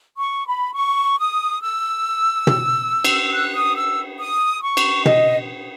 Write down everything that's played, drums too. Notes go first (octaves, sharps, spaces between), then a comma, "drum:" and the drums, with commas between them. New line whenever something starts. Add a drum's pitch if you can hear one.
C#6
B5
C#6
D#6
E6
drum: tom
drum: cymbal
F#6
D#6
E6
D#6
C#6
drum: cymbal
D#5, drum: tom